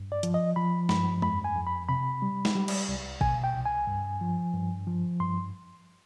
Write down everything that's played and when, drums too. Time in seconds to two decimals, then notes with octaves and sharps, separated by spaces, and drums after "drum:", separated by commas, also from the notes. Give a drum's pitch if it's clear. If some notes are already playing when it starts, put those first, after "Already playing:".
Already playing: G2
0.12 D5
0.23 F3, drum: hi-hat
0.34 D#5
0.56 F3 B5
0.89 G2 B5, drum: snare
1.22 F2 B5, drum: tom G#3
1.44 G#5
1.56 F2
1.67 B5
1.89 C3 B5
2.22 G3
2.45 drum: snare
2.55 G3
2.68 drum: cymbal
2.89 C2
3.21 B2 G#5, drum: kick A1
3.44 G5
3.54 C2
3.66 G#5
3.87 G2
4.21 F3
4.54 G2
4.87 F3
5.20 G2 C6